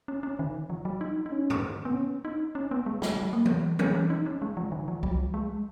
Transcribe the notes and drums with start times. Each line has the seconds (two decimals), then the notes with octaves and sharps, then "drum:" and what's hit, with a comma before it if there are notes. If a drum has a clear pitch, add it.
0.08 C#4
0.23 C#4
0.39 D#3
0.70 F3
0.85 F#3
1.01 D#4
1.26 D#4
1.32 C#4
1.50 drum: tom
1.85 B3
1.94 C#4
2.25 D#4
2.55 C#4
2.71 B3
2.86 G#3
3.02 F#3, drum: snare
3.17 F#3
3.33 A#3
3.46 drum: tom E3
3.79 C#4, drum: tom E3
3.95 C#4
4.10 D#4
4.26 C#4
4.42 G#3
4.57 F3
4.72 D#3
4.88 F3
5.03 F#3, drum: kick C#2
5.10 F3
5.17 F#3
5.34 G#3